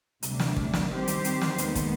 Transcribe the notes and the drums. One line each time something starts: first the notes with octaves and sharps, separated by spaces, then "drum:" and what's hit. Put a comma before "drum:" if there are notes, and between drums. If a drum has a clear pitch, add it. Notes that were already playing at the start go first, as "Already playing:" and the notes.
D2 C3 G3 D4, drum: hi-hat
drum: snare
drum: kick
drum: snare
D#3 G3 C4 G4 C5
drum: hi-hat
drum: hi-hat
drum: snare
D#2 D#3 G#3 B3, drum: hi-hat
drum: kick, hi-hat